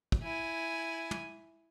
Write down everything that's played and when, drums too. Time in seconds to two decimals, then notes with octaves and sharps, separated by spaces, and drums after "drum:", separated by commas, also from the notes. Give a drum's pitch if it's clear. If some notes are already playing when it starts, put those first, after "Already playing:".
0.12 drum: kick
0.23 E4 G#5
1.11 drum: tom